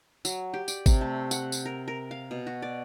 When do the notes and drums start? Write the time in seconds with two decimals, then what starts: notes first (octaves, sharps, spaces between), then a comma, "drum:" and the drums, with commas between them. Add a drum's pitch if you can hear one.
0.25 F#3, drum: tambourine
0.54 G4
0.68 D5, drum: tambourine
0.86 C3, drum: kick, tambourine
1.01 A3
1.31 F#5, drum: tambourine
1.52 drum: tambourine
1.66 A#4
1.88 A#4
2.11 F5
2.31 B2
2.47 F#4
2.62 D5